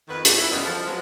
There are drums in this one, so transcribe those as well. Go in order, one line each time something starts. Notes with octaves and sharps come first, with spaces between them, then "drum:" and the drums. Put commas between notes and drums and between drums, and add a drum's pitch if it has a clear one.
F2 D#3 B4
D#2 A#2, drum: hi-hat
E4
F#2 C#3 E3 G3 B3 D#5
F3 A4
F#3 G#3 B3